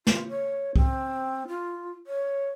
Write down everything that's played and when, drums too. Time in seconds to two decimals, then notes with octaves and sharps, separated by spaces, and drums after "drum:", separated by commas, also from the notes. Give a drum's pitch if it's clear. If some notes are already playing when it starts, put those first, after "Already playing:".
0.07 F4, drum: snare
0.28 C#5
0.76 C4, drum: kick C2
1.48 F4
2.07 C#5